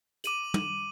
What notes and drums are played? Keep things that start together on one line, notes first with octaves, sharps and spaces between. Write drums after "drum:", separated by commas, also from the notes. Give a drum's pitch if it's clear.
D6 D#7 F#7, drum: hi-hat
drum: tom